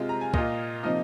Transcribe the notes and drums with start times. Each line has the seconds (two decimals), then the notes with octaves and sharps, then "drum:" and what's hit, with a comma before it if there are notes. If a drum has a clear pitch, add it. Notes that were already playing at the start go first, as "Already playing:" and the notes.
Already playing: C3 G#3 F4
0.09 A#5
0.21 G#5
0.34 A#2 A#3 F4 D#5, drum: kick
0.83 C3 F3 A#3 D#4 D#5